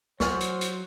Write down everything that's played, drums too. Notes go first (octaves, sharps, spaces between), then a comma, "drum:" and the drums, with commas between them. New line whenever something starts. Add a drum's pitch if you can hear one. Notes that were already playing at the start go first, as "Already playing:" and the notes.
C#2 F#3 C5 D5 G#5 C#6 F6, drum: snare
drum: hi-hat
drum: hi-hat